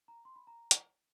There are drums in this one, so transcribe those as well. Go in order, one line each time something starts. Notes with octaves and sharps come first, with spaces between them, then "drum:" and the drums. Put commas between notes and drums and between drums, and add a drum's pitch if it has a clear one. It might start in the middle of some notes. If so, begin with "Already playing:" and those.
A#5
C6
B5
A#5
drum: hi-hat